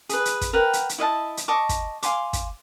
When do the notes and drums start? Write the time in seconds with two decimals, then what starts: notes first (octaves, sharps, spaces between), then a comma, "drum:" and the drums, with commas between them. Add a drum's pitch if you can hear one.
0.09 G#4 B4, drum: hi-hat
0.25 drum: hi-hat
0.41 drum: kick, hi-hat
0.53 A#4 B4 F#5 G5
0.73 drum: hi-hat
0.89 drum: hi-hat
0.98 E4 D#5 F5 A5
1.37 drum: hi-hat
1.48 D#5 A5 C#6 D6
1.69 drum: kick, hi-hat
2.03 F5 G#5 C6 D6, drum: hi-hat
2.33 drum: kick, hi-hat